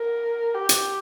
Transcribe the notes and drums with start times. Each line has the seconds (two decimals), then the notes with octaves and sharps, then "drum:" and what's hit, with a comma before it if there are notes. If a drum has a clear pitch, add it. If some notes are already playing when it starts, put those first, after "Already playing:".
Already playing: A#4
0.54 G4
0.69 drum: hi-hat